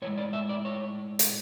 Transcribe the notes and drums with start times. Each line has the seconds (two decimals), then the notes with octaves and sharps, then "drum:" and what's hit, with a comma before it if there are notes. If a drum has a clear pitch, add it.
0.02 A2 E3 G#3 C#5
0.17 D5
0.33 E5
0.49 D5
0.65 C#5
1.19 drum: hi-hat